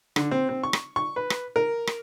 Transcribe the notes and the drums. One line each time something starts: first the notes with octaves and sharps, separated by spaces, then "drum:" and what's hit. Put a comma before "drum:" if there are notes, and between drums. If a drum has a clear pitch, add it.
D3, drum: rim click
C4
C4
C#6
drum: rim click
C#6
B4
drum: rim click
A#4
drum: rim click